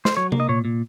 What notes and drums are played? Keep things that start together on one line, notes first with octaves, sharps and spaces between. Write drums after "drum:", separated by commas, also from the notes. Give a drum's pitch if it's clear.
C5, drum: snare
F#3 C#5
A#3, drum: tom C3
D#5
A#2 C#5
A#2